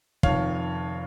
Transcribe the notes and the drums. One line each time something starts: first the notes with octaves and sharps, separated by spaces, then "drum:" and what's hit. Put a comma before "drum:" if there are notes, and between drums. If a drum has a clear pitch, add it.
F1 F2 D#3 C#5 F5, drum: kick